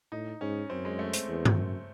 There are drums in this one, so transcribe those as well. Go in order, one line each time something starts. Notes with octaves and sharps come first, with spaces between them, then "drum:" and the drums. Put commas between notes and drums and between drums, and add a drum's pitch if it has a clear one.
A2 D#4
G#2 C#4
F#2 C4
G#3
A3
C4, drum: hi-hat
E2
drum: tom G2
F#2